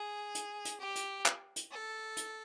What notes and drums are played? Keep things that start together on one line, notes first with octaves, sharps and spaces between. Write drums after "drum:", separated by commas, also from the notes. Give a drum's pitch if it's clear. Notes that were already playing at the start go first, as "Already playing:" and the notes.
Already playing: G#4
drum: hi-hat
drum: hi-hat
G4
drum: hi-hat
drum: clap
drum: hi-hat
A4
drum: hi-hat